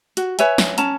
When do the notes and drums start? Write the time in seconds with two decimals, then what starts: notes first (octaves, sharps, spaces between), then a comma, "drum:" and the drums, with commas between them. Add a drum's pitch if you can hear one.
0.17 F#4, drum: hi-hat
0.39 B4 C#5 E5 G#5, drum: hi-hat
0.58 drum: snare
0.78 C#4 A5 A#5, drum: hi-hat